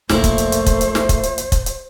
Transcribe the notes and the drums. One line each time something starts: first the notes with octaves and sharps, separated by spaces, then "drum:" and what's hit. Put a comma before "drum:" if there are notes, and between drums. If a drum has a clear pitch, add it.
F1 B1 F2 A#2 A3 E4 C5 A#5, drum: snare
drum: kick, hi-hat
drum: hi-hat
drum: hi-hat
drum: kick, hi-hat
drum: hi-hat
drum: snare
drum: kick, hi-hat
drum: hi-hat
drum: hi-hat
drum: kick, hi-hat
drum: hi-hat